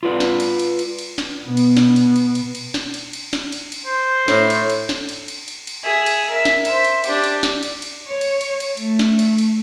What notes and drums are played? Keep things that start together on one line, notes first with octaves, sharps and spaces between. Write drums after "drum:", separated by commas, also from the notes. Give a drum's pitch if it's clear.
F4 B4 D5
drum: snare
drum: cymbal
drum: cymbal
drum: cymbal
drum: cymbal
drum: snare
B2 B3
drum: cymbal
drum: snare
drum: cymbal
drum: cymbal
drum: cymbal
drum: cymbal
drum: snare
drum: cymbal
drum: cymbal
drum: snare
drum: cymbal
drum: cymbal
C5
A2, drum: snare
drum: cymbal
drum: cymbal
drum: snare
drum: cymbal
drum: cymbal
drum: cymbal
drum: cymbal
G#4 E5
drum: cymbal
A#4 E5
drum: snare
C5 E5, drum: cymbal
drum: cymbal
D4 G4, drum: cymbal
drum: cymbal
drum: snare
drum: cymbal
drum: cymbal
C#5
drum: cymbal
drum: cymbal
drum: cymbal
A3, drum: cymbal
drum: snare
drum: cymbal
drum: cymbal